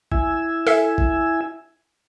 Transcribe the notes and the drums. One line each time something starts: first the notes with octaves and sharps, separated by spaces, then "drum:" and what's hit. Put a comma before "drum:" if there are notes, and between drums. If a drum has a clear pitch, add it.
E4 G#5 E6, drum: kick
A4 E5, drum: open hi-hat
drum: kick